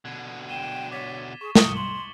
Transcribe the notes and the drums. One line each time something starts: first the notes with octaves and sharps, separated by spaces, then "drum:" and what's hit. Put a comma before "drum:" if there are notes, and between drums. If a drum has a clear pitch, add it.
B2 D3 G#6
G5 D#7 E7 G7
C#5 D6 A6 B6
G#4 C#6 B6
D#6 C#7 G7, drum: snare
C6 F#7